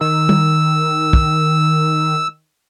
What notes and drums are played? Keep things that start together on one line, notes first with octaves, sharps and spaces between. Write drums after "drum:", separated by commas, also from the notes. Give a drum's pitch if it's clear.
D#3 E6
drum: tom
drum: kick